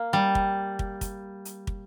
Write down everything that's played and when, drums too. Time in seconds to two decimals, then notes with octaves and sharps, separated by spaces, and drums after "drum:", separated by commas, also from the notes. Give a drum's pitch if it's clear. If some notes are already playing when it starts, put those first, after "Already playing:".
Already playing: A#3
0.13 G3
0.35 drum: kick
0.79 drum: kick
1.01 drum: kick, hi-hat
1.45 drum: hi-hat
1.67 drum: kick